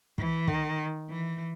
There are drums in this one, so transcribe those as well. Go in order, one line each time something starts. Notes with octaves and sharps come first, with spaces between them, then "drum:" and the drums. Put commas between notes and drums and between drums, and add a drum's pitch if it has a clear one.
E3, drum: kick
D#3, drum: kick
E3